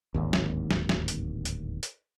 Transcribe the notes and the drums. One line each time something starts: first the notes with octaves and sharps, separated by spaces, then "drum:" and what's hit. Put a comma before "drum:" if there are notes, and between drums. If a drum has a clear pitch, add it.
D1 G#1 D#2
drum: snare
drum: snare
drum: snare
drum: hi-hat
drum: hi-hat
drum: hi-hat